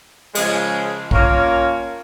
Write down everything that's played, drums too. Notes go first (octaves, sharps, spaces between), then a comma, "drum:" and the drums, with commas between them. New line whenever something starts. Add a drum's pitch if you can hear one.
C#3 F3 G#3, drum: cymbal
A#3 C#4 F4 A#4 C#5, drum: kick